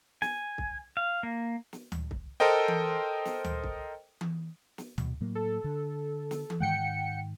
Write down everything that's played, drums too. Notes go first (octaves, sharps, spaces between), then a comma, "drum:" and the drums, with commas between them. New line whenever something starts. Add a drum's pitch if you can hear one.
G#5, drum: snare
drum: kick C2
F5
A#3
drum: snare
drum: tom D2
drum: kick C2
A4 A#4 C5 D#5 G5
drum: tom E3
drum: snare
drum: tom D2
drum: kick C2
drum: tom E3
drum: snare
B2, drum: tom D2
A2 F#3 A#3
A4
D3
drum: snare
drum: tom E3
G#2 D#3 G#3 F#5 G5 C#7